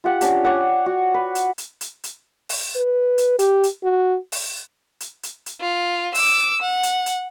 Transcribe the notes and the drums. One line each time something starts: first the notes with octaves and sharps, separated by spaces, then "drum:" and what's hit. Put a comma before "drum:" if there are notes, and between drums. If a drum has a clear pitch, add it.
F4 G4 F#5
C#4 D4 G4, drum: hi-hat
C#5 D5 F#5
F#4
B4
drum: hi-hat
drum: hi-hat
drum: hi-hat
drum: hi-hat
drum: open hi-hat
B4
drum: hi-hat
G4, drum: hi-hat
drum: hi-hat
F#4
drum: open hi-hat
drum: hi-hat
drum: hi-hat
drum: hi-hat
F4
D6 E6, drum: open hi-hat
F#5
drum: hi-hat
drum: hi-hat